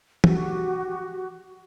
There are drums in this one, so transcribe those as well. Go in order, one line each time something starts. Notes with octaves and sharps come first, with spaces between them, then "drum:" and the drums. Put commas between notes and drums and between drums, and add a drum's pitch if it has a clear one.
F#4 G4, drum: tom